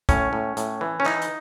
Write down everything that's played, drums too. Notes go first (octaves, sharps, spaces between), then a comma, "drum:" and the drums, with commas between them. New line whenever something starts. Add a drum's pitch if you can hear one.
A2 C#4, drum: kick, hi-hat
A2
A2, drum: hi-hat
E3
C#4
E3 D#4, drum: clap
drum: hi-hat